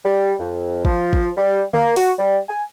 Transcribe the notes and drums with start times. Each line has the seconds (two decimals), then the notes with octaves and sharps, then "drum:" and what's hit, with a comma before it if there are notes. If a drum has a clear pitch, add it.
0.05 G3
0.40 F2
0.85 F3, drum: kick
1.13 drum: kick
1.37 G3
1.74 A#3, drum: tom D3
1.96 F#4, drum: open hi-hat
2.19 G3
2.49 G#5